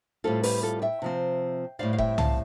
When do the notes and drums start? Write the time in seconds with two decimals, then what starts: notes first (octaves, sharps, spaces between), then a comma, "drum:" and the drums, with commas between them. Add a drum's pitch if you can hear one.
0.24 A2 G3 C4 F4 A4
0.43 G4 B4, drum: open hi-hat
0.63 F4 A4
0.82 E5 G5
1.02 C3 F3 C4
1.79 A2 G3 C4 D5 F5
1.93 F5
1.98 E5 G5, drum: kick F1
2.18 F5 A5, drum: tom